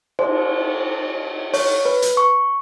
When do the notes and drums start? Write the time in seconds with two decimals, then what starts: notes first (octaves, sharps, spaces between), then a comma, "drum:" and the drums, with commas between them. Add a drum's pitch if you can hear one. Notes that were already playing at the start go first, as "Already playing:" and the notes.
0.19 C5, drum: cymbal
1.54 C#5, drum: open hi-hat
1.85 B4
2.02 drum: hi-hat
2.17 C#6